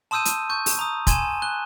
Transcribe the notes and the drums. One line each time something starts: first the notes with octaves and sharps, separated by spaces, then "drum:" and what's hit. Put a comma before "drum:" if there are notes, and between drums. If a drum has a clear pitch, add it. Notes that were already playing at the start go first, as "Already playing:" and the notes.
A5 C6 D#6 E6 G6 D#7
drum: hi-hat
C#6 G6
drum: open hi-hat
A#5 D#6
G#5 C6 G#6 D#7 E7, drum: kick, hi-hat
F#6 G#6 G7